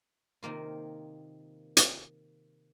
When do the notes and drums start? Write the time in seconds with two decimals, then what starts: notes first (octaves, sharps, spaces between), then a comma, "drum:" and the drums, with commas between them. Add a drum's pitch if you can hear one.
0.43 C3 D#3 A#3 F4
1.77 drum: hi-hat